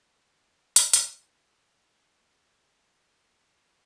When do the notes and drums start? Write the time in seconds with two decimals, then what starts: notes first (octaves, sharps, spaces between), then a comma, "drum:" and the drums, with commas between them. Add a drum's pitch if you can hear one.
0.23 D6
0.76 drum: hi-hat
0.93 drum: hi-hat
2.86 F#3 A5